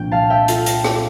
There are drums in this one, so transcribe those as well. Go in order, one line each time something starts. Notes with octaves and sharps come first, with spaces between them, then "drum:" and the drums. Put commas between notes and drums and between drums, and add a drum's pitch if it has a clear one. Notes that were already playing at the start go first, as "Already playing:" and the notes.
Already playing: C2 A#2 F3 A3 D4 G5
F5 A5
E5 G5
F4 A4, drum: hi-hat
drum: hi-hat
drum: rim click